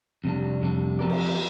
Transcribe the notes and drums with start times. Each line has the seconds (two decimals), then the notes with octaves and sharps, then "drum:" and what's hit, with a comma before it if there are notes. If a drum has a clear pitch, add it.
0.24 F2 C3 G3 D4
0.62 F2 C3 G3 D4
0.99 F3 C4 G4 A#4 D5
1.10 drum: cymbal